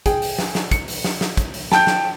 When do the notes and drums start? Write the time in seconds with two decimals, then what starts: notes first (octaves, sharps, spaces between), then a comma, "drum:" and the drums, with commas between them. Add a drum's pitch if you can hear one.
0.06 G#4 G5, drum: kick, hi-hat
0.22 drum: open hi-hat
0.38 drum: snare
0.55 drum: snare
0.71 C#7, drum: kick, hi-hat
0.88 drum: open hi-hat
1.04 drum: snare
1.21 drum: snare
1.37 drum: kick, hi-hat
1.54 drum: open hi-hat
1.72 G5 A5 G6, drum: snare
1.87 drum: snare